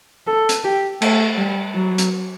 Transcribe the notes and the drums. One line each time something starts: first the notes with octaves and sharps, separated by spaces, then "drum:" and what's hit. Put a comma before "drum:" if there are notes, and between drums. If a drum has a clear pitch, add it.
A4
drum: hi-hat
G4
A3, drum: cymbal
G3
F#3
drum: hi-hat